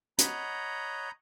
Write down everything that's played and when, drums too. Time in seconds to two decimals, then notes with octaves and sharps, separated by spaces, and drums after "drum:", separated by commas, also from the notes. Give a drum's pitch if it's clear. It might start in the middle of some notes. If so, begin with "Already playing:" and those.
0.18 C#5 D#5 F#5 A#5 B5 G6, drum: hi-hat